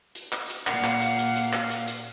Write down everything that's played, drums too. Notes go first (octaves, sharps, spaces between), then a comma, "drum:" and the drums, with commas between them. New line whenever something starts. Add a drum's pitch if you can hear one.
drum: hi-hat
drum: clap
drum: hi-hat
A#2 A#4 D5 F5 F#5, drum: clap
drum: clap
drum: hi-hat
drum: hi-hat
drum: hi-hat
drum: clap
drum: hi-hat
drum: hi-hat